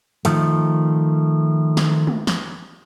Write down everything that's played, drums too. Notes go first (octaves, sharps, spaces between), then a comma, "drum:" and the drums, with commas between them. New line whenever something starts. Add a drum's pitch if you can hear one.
D#3 F3 A3, drum: hi-hat
drum: snare
drum: tom G#3
drum: snare